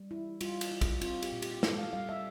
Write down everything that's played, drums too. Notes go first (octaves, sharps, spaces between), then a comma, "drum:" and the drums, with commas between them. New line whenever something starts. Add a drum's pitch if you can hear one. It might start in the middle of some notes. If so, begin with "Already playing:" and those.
Already playing: G3
E4
G3 F4, drum: cymbal
drum: cymbal
E4
drum: kick, cymbal
C4 F4, drum: cymbal
G4, drum: cymbal
A#2
G4, drum: cymbal
G3 A4, drum: snare
F5
G3 F5
E5